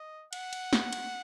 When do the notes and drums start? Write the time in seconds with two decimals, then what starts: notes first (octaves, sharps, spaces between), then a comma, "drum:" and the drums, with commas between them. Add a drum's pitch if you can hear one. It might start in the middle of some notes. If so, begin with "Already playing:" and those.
Already playing: D#5
0.33 F#5, drum: cymbal
0.53 drum: cymbal
0.73 drum: snare
0.93 drum: cymbal